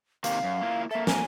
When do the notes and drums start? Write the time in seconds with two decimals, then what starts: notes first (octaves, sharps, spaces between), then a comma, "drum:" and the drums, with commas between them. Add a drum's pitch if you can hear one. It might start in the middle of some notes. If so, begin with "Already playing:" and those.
0.24 C3 D#3 A#3 F5, drum: hi-hat
0.44 F#2
0.62 A#3 E4 F4
0.91 A#3 A4 E5
1.07 G#5, drum: snare